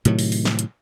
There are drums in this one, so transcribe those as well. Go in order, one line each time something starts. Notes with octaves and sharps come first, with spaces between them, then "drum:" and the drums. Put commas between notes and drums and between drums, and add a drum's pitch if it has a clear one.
A2 C3 D#3 F#3, drum: hi-hat
drum: open hi-hat
drum: open hi-hat
drum: snare
drum: hi-hat